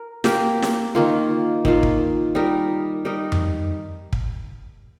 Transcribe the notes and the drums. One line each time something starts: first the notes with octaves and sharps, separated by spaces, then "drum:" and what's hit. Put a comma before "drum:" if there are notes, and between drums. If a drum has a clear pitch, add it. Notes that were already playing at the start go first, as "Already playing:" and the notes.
Already playing: A#4
A#3 G4 A#4, drum: snare
drum: snare
D#3 A#3 F4
D#3 A#3 F4, drum: kick
drum: kick
G3 D#4 A#4
G3 D#4 A#4
drum: tom F2
drum: kick